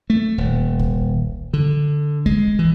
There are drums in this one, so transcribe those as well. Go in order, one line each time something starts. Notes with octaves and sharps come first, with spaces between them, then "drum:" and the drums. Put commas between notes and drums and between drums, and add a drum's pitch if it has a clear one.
A3
D#1
drum: kick C2
D3
G#3, drum: kick C2
E3